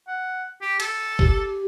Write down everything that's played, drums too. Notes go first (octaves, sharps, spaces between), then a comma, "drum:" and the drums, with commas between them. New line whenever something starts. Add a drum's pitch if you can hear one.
F#5
G4
A4, drum: cymbal
G4, drum: kick